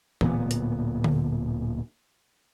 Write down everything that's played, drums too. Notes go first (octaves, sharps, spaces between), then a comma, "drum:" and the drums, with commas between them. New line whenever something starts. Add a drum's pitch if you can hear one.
D1 A#2 B3, drum: tom E3
drum: hi-hat
drum: tom D3